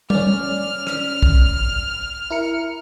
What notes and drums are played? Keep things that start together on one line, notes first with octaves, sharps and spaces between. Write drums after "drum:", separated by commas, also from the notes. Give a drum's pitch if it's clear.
C#4 D5 F6, drum: tom G3
drum: rim click
drum: kick
E4 A#4 C#7